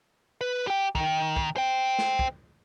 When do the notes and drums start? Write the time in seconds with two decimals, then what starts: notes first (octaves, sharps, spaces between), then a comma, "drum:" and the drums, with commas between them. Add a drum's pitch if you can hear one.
0.41 B4
0.67 G4 G5
0.95 D#3, drum: kick
1.36 drum: kick
1.57 C5 G5
1.99 drum: snare
2.19 drum: kick